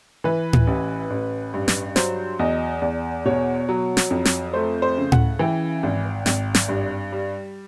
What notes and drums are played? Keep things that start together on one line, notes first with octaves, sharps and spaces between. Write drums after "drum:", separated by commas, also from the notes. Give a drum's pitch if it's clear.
E3 B4
drum: tom A2
A1
A1
G2
drum: snare
F#3 C5, drum: snare
E2 D#5
E2 D5
B2 C#5
F#3
drum: snare
F2
drum: snare
A3 C5
C5
C#3
F#5, drum: tom A2
E3 G5
G#1
G#1, drum: snare
drum: snare
G2
G3